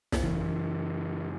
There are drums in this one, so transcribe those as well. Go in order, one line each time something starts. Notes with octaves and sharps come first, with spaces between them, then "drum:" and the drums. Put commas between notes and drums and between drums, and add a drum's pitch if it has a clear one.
drum: snare
F#2 C#3 E3